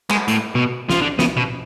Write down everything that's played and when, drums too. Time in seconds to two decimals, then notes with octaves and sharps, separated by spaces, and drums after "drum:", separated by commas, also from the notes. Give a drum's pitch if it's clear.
0.10 G#3, drum: clap
0.28 A2, drum: hi-hat
0.55 B2
0.90 F3, drum: snare
1.02 D3
1.19 B2, drum: snare
1.37 B2